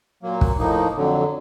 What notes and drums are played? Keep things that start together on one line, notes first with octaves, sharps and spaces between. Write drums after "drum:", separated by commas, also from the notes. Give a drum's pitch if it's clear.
A#2 F#3 A#3
drum: kick
A2 F3 A#3 D#4
F2 D3 F#3